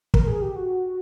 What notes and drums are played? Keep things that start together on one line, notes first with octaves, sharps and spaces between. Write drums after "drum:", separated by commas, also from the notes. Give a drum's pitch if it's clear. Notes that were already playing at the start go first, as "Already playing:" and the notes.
A#4, drum: kick
G#4
G4
F#4